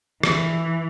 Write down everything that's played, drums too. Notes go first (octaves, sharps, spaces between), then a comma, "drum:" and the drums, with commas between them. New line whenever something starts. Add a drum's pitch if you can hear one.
E3, drum: rim click